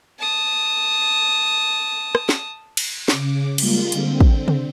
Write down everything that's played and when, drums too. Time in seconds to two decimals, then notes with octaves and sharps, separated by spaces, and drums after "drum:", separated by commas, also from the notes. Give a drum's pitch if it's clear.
0.19 A5 D#6
2.15 drum: rim click
2.29 drum: snare
2.77 drum: cymbal
3.08 C#3 D6, drum: snare
3.58 G3 G#3 A#3 F4, drum: cymbal
3.92 D3 C4, drum: hi-hat
4.21 drum: kick
4.48 drum: tom C3